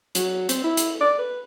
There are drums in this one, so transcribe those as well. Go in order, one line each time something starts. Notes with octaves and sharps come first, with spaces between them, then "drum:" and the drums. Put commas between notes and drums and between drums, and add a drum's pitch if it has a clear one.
F#3, drum: hi-hat
C4, drum: hi-hat
E4
drum: hi-hat
D5
B4